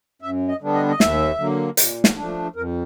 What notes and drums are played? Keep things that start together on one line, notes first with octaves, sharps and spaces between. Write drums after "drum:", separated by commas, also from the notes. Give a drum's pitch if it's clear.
F#2 E5
D#5
D3 G3 B3 D4
D#5
D#5
D#2 E5, drum: snare
D3 F#3 A#3
A#2, drum: hi-hat
drum: snare
F3 A3 D4
F2 A#4